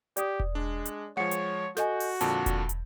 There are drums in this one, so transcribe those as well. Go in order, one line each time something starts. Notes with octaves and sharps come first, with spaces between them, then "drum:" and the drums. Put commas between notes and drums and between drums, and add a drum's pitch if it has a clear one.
G4 D5 D#6, drum: hi-hat
drum: kick E1
G#3 D4
drum: hi-hat
F3 G#3 C#5 F#5 C#7
drum: hi-hat
F#4 A4 D#5 G#5 G6, drum: snare
drum: open hi-hat
F2 A#2 D3 A5, drum: hi-hat
drum: kick E1, hi-hat
drum: hi-hat